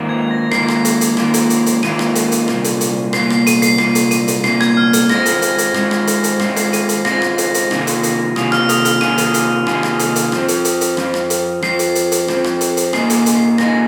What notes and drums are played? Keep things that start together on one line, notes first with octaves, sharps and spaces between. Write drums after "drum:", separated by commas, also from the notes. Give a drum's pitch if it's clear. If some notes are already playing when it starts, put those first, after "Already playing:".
Already playing: G#2 D#3 A#3 F4 A#4
G#6
A#6
G#2 D#3 A#3 F4 A#4 C7, drum: rim click
drum: rim click
drum: hi-hat
drum: hi-hat
G#2 D#3 A#3 F4 A#4, drum: rim click
drum: hi-hat
drum: hi-hat
drum: hi-hat
G#2 D#3 A#3 F4 A#4 D#7, drum: rim click
drum: rim click
drum: hi-hat
drum: hi-hat
C2 A#2 A#3, drum: rim click
drum: hi-hat
drum: hi-hat
C2 A#2 A#3 C7, drum: rim click
C7, drum: rim click
D#7, drum: hi-hat
C7, drum: hi-hat
C2 A#2 A#3 C7, drum: rim click
drum: hi-hat
D#7, drum: hi-hat
drum: hi-hat
C2 A#2 A#3 C7, drum: rim click
G#6, drum: rim click
F6
G#6, drum: hi-hat
G#2 G#3 C4 F4 A#6, drum: rim click
drum: hi-hat
drum: hi-hat
drum: hi-hat
G#2 G#3 C4 F4, drum: rim click
drum: rim click
drum: hi-hat
drum: hi-hat
G#2 G#3 C4 F4 C7, drum: rim click
C7, drum: hi-hat
D#7, drum: hi-hat
C7, drum: hi-hat
G#2 G#3 C4 F4 A#6, drum: rim click
drum: rim click
drum: hi-hat
drum: hi-hat
C3 D#3 A#3 F4 G#4, drum: rim click
drum: hi-hat
drum: hi-hat
C3 D#3 A#3 F4 G#4 D#6, drum: rim click
F6, drum: rim click
D#6, drum: hi-hat
F6, drum: hi-hat
C3 D#3 A#3 F4 G#4 D#7, drum: rim click
drum: hi-hat
drum: hi-hat
C3 D#3 A#3 F4 G#4, drum: rim click
drum: rim click
drum: hi-hat
drum: hi-hat
F2 F3 C4, drum: rim click
drum: hi-hat
drum: hi-hat
drum: hi-hat
F2 F3 C4, drum: rim click
drum: rim click
drum: hi-hat
F2 F3 C4 C7, drum: rim click
drum: hi-hat
drum: hi-hat
drum: hi-hat
F2 F3 C4, drum: rim click
drum: rim click
drum: hi-hat
drum: hi-hat
A#2 A#3 D#4 G#4 C7, drum: rim click
drum: hi-hat
drum: hi-hat
C7
A#2 A#3 D#4 G#4 A#6, drum: rim click